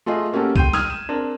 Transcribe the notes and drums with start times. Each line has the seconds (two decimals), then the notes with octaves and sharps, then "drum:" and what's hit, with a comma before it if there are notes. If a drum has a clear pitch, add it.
0.06 A3 F4 G#4 D#5
0.33 A#3 C#4 F#4 G4 A4
0.56 G5 C6 G6 D#7, drum: kick C2
0.73 D#6 F6 G#6 D#7, drum: snare
0.90 E7
1.09 C4 D4 A#4